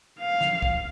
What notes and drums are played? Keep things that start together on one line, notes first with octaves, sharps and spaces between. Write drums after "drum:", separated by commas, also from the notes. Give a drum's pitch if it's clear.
F5
drum: snare
drum: kick